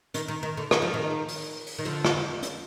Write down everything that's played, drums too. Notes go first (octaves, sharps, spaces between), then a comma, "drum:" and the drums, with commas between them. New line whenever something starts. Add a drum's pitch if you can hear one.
D#3, drum: hi-hat
D#3
D#3
D3
D#3, drum: rim click
F3
D#3
drum: open hi-hat
drum: open hi-hat
D#3
D3 F3
drum: rim click
drum: hi-hat